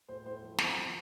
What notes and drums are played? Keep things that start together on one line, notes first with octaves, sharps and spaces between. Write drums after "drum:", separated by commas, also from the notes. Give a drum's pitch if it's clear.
A2 C5
A2 C5
F3
C4, drum: snare
F3